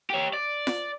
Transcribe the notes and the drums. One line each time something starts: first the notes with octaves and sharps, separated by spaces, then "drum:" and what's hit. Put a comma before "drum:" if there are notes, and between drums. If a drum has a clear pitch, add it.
G4 C#5
D5
drum: snare F4